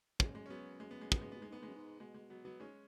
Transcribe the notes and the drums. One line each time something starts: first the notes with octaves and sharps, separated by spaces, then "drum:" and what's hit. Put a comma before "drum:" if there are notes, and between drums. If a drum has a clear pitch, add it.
F#2 G#3, drum: kick
G#3
C#4
F#3 B3
G#3
B3
G#3
B3, drum: kick
G#3
B2 B3
G#2 G#3
G#2
B3
G#2 G#3
F#2
G#2
B2 G#3
G#3
F#3 B3
F#3 B3
G#2 G#3 C#4